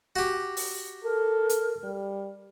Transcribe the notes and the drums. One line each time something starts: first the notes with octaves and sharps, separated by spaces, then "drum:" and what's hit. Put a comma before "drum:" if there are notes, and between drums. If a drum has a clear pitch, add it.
F#4 G4
drum: open hi-hat
A4 A#4
drum: hi-hat
G3